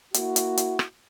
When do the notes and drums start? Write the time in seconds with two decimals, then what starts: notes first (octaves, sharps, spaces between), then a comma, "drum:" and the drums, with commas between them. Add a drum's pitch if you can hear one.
0.14 A#3 E4 F#4, drum: hi-hat
0.36 drum: hi-hat
0.57 drum: hi-hat
0.79 drum: rim click